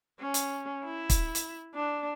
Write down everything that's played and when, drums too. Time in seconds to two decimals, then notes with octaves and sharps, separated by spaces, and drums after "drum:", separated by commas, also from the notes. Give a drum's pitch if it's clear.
0.20 C#4
0.34 drum: hi-hat
0.84 E4
1.10 drum: kick, hi-hat
1.35 drum: hi-hat
1.75 D4